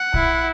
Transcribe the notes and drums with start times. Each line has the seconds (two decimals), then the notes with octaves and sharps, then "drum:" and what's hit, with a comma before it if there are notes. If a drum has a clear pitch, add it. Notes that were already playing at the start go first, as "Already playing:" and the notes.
Already playing: F#5
0.14 E4, drum: kick A#1